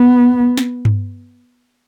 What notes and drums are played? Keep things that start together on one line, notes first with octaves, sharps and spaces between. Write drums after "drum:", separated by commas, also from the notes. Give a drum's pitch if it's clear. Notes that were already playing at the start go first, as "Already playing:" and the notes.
Already playing: B3
drum: snare
drum: tom G2